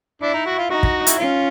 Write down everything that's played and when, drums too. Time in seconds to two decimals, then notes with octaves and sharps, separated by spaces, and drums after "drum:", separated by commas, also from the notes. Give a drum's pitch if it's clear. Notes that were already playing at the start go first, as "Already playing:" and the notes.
0.22 D4 E4
0.34 D#4
0.46 F#4
0.58 F4
0.70 D#4 F#4
0.83 drum: kick
1.07 E4, drum: hi-hat
1.19 C#4 F4